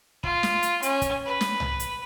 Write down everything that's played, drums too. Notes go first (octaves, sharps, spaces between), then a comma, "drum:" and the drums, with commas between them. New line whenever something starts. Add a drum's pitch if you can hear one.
F4, drum: kick
drum: snare
drum: hi-hat
C#4, drum: hi-hat
drum: kick, hi-hat
B4
drum: snare
drum: tom
drum: hi-hat